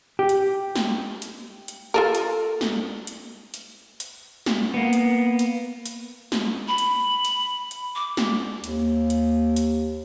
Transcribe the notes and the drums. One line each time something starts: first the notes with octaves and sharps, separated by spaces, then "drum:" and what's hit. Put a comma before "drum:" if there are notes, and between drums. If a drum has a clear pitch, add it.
G4
drum: hi-hat
drum: snare
drum: hi-hat
drum: hi-hat
F4 A4 A#4
drum: hi-hat
drum: snare
drum: hi-hat
drum: hi-hat
drum: hi-hat
drum: snare
A#3 B3
drum: hi-hat
drum: hi-hat
drum: hi-hat
drum: snare
B5
drum: hi-hat
drum: hi-hat
drum: hi-hat
D6
drum: snare
D#2, drum: hi-hat
drum: hi-hat
drum: hi-hat